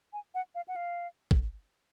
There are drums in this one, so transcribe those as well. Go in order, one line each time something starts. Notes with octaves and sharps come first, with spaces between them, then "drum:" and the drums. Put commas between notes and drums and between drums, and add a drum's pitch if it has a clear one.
G#5
F#5
F5
F#5
F5
drum: kick